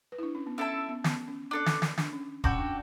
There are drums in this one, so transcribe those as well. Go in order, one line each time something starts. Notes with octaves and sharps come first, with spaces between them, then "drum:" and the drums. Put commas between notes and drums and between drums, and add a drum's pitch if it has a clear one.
B4
E4
D4
C#4
B3
C#4 E4 A4 E5 A5
C#4
B3
B3, drum: snare
C#4
D4 A4 D5
drum: snare
drum: snare
D4, drum: snare
C#4
C#4 F#4 A4 D5 G5, drum: kick
D4